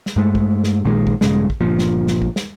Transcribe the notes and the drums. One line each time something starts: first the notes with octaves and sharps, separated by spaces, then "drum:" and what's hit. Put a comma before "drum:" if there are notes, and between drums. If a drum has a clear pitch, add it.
drum: snare
G2 G#3 A3
drum: kick
drum: snare
A#1 A#2 D#3 G#3
drum: kick
A#1 G2 C#3 G#3, drum: snare
drum: kick
G1 A#2 F3
drum: snare
drum: snare
drum: kick
drum: snare